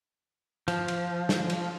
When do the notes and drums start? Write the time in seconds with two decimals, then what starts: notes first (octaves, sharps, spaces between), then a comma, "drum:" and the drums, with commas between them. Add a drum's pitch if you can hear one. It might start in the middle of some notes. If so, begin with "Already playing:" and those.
0.68 F3, drum: cymbal
0.88 drum: cymbal
1.29 drum: snare
1.50 drum: cymbal